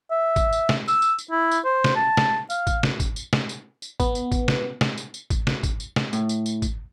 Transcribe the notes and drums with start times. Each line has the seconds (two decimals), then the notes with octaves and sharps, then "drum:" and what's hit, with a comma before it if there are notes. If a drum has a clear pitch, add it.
0.11 E5
0.36 drum: kick, tambourine
0.53 drum: tambourine
0.69 drum: snare
0.88 E6, drum: tambourine
1.02 drum: tambourine
1.18 drum: tambourine
1.31 E4
1.51 drum: tambourine
1.65 C5
1.84 drum: snare
1.96 A5
2.17 drum: snare
2.50 F5, drum: tambourine
2.67 drum: kick, tambourine
2.83 drum: snare
3.00 drum: kick, tambourine
3.16 drum: tambourine
3.33 drum: snare
3.49 drum: tambourine
3.82 drum: tambourine
4.00 B3, drum: kick, tambourine
4.15 drum: tambourine
4.32 drum: kick, tambourine
4.48 drum: snare
4.81 drum: snare
4.97 drum: tambourine
5.14 drum: tambourine
5.30 drum: kick, tambourine
5.47 drum: snare
5.63 drum: kick, tambourine
5.80 drum: tambourine
5.96 drum: snare
6.13 A2, drum: tambourine
6.29 drum: tambourine
6.46 drum: tambourine
6.62 drum: kick, tambourine